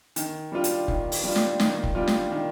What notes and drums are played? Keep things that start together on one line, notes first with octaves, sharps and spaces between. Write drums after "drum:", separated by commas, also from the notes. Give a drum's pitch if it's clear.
D#3, drum: hi-hat
G3 D4 F4
drum: hi-hat
D#3, drum: kick F1
drum: open hi-hat
G3 D4 F4
drum: snare
D#3, drum: snare
drum: kick F1
G3 D4 F4
drum: snare
D#3